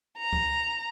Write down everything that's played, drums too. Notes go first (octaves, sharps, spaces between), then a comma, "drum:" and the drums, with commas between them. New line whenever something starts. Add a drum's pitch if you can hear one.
A#5
drum: kick C#2